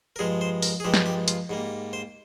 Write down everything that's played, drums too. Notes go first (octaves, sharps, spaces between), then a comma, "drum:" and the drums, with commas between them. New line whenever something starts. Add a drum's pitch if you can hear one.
A#4
G2 F3 G#3 G#4
C5
A#4, drum: open hi-hat
G#4
G2 F3 G#3 G4
drum: snare
G4
F4, drum: hi-hat
G#2 G3 A#3
C5